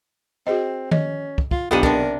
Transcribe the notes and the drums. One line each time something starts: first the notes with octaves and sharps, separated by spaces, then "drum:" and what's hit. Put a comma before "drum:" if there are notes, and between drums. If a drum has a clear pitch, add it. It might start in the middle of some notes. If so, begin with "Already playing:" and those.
C4 F#4 G#4 D#5
C#4 D#5, drum: tom D#3
drum: kick
F4, drum: kick
B1 B3 D4 F4 G4 F#5 D#7
C3 D4 A#4 D5 A5, drum: kick